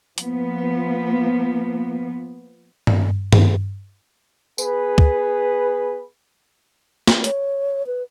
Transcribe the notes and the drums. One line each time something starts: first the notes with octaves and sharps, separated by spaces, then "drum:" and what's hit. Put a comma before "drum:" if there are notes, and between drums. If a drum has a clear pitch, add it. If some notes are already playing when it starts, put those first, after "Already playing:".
F3 A#3 B3, drum: hi-hat
drum: tom G2
drum: tom G2
B3 G#4 B4, drum: tambourine
drum: kick
drum: snare
C#5, drum: hi-hat
B4